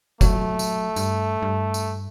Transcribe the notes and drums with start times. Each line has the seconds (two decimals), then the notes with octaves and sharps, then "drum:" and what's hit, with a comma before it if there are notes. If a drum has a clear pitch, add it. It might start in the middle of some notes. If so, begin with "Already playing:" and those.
0.21 F#3 A3, drum: kick F1, tambourine
0.59 drum: tambourine
0.96 G2, drum: tambourine
1.42 G2
1.74 drum: tambourine